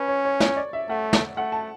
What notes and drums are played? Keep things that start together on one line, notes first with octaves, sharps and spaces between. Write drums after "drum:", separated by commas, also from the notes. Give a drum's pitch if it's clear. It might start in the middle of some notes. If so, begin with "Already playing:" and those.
Already playing: C#4 B4
C#5
C#5
C#5, drum: snare
D5
E5
A3 F#5
drum: snare
A3 F#5
A5